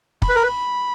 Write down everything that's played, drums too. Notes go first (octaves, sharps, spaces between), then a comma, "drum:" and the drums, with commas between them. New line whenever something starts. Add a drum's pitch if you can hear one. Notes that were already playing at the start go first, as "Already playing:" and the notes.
B5, drum: kick
B4
A#4
B4